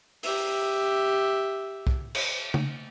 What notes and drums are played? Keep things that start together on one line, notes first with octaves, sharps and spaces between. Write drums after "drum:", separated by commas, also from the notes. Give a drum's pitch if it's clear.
G4 E5, drum: open hi-hat
drum: kick
drum: cymbal
drum: tom C#3